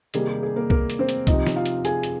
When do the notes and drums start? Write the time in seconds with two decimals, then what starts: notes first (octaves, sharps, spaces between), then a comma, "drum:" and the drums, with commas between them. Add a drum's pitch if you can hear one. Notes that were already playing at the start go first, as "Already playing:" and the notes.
0.14 C3 D#3 G3 A#3 G#4, drum: hi-hat
0.28 G4
0.43 G#4
0.56 A#3 A#4
0.70 A#3 A#4, drum: kick C2
0.90 drum: hi-hat
0.99 C4 C5
1.09 drum: hi-hat
1.27 C3 F3 C4 D#4 D#5, drum: kick C2, hi-hat
1.47 drum: snare
1.56 F4 F5
1.66 drum: hi-hat
1.85 G#4 G#5, drum: hi-hat
2.03 drum: hi-hat